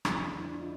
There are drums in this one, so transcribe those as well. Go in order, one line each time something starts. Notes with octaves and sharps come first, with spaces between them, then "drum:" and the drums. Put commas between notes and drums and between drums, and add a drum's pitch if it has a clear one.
F2 D4 E4, drum: rim click
D3 D4 E4
D#4 F4